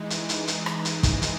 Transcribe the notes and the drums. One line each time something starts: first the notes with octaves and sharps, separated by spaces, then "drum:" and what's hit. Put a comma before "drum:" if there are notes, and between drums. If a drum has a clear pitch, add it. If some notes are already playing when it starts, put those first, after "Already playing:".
Already playing: E3 G#3 D#4
drum: hi-hat
drum: hi-hat
drum: hi-hat
drum: rim click
G#2 E3 G#3 D#4, drum: hi-hat
drum: kick, hi-hat
drum: hi-hat